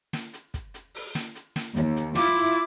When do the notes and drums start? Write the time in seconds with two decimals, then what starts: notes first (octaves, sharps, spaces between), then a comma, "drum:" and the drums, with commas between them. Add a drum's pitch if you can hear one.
0.13 drum: snare
0.34 drum: hi-hat
0.54 drum: kick, hi-hat
0.74 drum: hi-hat
0.95 drum: open hi-hat
1.15 drum: snare
1.35 drum: hi-hat
1.56 drum: snare
1.76 D#2, drum: hi-hat
1.96 drum: hi-hat
2.15 E4 F4 D6, drum: snare
2.37 drum: hi-hat